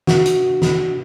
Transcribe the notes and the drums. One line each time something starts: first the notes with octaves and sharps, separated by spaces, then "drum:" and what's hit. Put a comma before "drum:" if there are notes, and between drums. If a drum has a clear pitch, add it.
F#4, drum: snare
drum: hi-hat
drum: snare